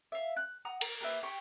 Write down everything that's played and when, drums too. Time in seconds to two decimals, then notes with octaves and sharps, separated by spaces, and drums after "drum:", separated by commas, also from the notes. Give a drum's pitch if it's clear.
0.12 E5 F5
0.37 F#6
0.65 F#5 A#5 D#6
0.81 A#4, drum: cymbal
1.00 A#3 G4 B4 E5
1.23 G4 G5 C#6